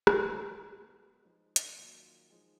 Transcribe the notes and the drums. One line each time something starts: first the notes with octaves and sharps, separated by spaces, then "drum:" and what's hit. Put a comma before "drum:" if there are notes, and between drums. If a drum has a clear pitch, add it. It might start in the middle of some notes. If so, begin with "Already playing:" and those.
drum: rim click
B2 F#3 B3 F#4
B2 G#3 B3
F3 G#3 D#4
drum: hi-hat
D#3 F#3 A#3 F4
F3 G#3 D#4 G#4